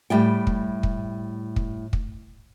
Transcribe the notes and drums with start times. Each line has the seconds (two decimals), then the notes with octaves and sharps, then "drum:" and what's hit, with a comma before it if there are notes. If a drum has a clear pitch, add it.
0.10 A2 G3 G5
0.47 drum: kick
0.83 drum: kick
1.56 drum: kick
1.93 drum: kick